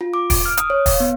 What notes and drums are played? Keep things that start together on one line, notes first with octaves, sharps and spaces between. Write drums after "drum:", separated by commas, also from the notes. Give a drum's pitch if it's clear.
F4
D6
D7, drum: kick, open hi-hat
F6
D#6, drum: hi-hat
C#5
F5, drum: kick, open hi-hat
B3